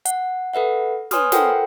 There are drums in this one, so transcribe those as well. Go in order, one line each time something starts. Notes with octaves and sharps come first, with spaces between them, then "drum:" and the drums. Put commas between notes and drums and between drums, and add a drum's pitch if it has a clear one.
F#5, drum: hi-hat
A4 B4 E5 F#5
B4 C#5 G#5 C6 D#6 F6, drum: snare
F4 A4 A#4 C5 F#5 G5, drum: snare